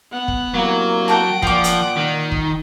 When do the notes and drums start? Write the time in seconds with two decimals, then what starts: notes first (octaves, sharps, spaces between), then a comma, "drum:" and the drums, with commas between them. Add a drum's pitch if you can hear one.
0.12 B3 F#5
0.28 drum: kick
0.54 C2 F#3 A#3
1.08 A#4 F#5 G5 A5 D7
1.42 A#2 F3 G5 D6, drum: kick
1.64 drum: hi-hat
1.97 D#3
2.32 drum: kick